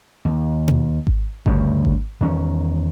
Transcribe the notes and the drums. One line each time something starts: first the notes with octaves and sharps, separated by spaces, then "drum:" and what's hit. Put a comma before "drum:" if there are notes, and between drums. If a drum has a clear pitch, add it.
D#2
drum: tom B2
drum: kick G#1
D2 G2 C#3, drum: kick G#1
drum: kick G#1
E2 D#3 G3 C#4